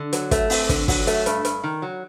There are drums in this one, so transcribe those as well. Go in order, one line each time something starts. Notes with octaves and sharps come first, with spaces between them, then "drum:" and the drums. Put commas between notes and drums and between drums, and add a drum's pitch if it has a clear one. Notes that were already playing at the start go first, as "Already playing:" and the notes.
Already playing: D3
F#3, drum: hi-hat
A3, drum: kick, hi-hat
C4, drum: open hi-hat
D3, drum: kick, hi-hat
F#3, drum: kick, open hi-hat
A3, drum: hi-hat
G2, drum: hi-hat
G2, drum: hi-hat
D#3
F#3